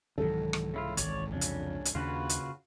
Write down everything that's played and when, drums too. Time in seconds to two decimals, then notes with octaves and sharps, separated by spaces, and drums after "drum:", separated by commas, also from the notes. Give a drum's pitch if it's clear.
0.18 C2 G#2 D#3 E3 F#3 A4
0.53 drum: rim click
0.74 C#3 E4 F4
0.97 G#1 C#5 D5, drum: hi-hat
1.32 F2 C#3 C#4 D4
1.41 drum: hi-hat
1.85 drum: hi-hat
1.95 D#2 C#3 A#3 D4 F4 F#4 B4
2.29 drum: hi-hat